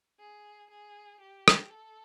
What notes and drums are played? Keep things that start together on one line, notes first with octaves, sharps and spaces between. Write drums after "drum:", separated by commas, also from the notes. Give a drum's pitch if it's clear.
G#4
G#4
G4
drum: rim click
A4